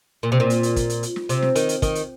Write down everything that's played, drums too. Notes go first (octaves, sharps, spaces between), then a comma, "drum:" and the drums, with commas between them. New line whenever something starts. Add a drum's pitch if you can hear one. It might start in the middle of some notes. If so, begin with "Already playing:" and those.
A#2
C3
A#2
drum: hi-hat
drum: hi-hat
drum: kick, hi-hat
drum: hi-hat
drum: hi-hat
drum: snare
C3, drum: hi-hat
drum: snare
D#3, drum: hi-hat
drum: hi-hat
D#3, drum: kick, hi-hat
drum: hi-hat